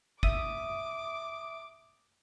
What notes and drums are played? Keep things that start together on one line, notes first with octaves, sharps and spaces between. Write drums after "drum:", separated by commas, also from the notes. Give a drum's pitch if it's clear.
E5 D6 D#6, drum: kick